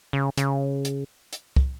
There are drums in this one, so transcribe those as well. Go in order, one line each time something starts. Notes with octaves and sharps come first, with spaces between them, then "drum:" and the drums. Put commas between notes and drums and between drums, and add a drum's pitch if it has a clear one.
C#3
C#3, drum: hi-hat
drum: hi-hat
drum: hi-hat
drum: kick C2